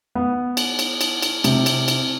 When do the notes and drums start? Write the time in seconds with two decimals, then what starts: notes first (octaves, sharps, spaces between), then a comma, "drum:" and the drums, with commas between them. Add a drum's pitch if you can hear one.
0.15 B3
0.57 drum: cymbal
0.79 drum: cymbal
1.01 drum: cymbal
1.22 drum: cymbal
1.44 C3, drum: cymbal
1.66 drum: cymbal
1.88 drum: cymbal